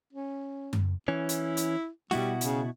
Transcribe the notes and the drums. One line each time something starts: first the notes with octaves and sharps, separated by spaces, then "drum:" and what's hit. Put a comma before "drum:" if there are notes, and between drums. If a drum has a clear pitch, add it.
C#4
drum: tom F#2
E3 C#4 E4
drum: hi-hat
drum: hi-hat
B2 G3 E4 F#4, drum: snare
C#3, drum: hi-hat